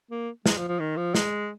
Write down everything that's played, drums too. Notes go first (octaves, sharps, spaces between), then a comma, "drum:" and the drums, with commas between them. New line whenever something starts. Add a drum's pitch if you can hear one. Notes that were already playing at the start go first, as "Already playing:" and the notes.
A#3
G#3, drum: snare
F3
F3
D#3
F3
G#3, drum: snare